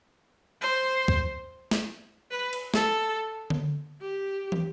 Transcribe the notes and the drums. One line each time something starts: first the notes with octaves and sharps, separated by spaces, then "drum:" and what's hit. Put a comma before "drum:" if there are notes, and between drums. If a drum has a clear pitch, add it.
C5
drum: kick
drum: snare
B4
drum: cymbal
A4, drum: snare
drum: tom D3
G4
drum: tom